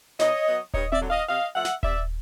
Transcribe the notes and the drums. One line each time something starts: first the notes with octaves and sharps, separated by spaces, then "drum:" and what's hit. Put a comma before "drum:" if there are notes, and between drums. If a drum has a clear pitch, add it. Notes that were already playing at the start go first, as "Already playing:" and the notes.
B2 C#5 D#5, drum: snare
F#3 B3
G2 C#5 D#5, drum: kick D#1
D5 E5, drum: tom C4
D3 F#3
D#5 F5
C3 D#5 F5
F3 A3 E5 F#5
drum: snare
C3 D5 E5, drum: kick D#1